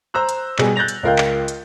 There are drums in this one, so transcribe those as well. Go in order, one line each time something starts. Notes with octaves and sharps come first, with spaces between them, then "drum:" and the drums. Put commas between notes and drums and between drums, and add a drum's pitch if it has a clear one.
C5 A#5 E6 F#6
drum: hi-hat
B2 G3 G#4, drum: clap
F#6 G6 A6 A#6 F7
drum: hi-hat
C#2 F4 A#4 F5 G5 G6
drum: clap
drum: hi-hat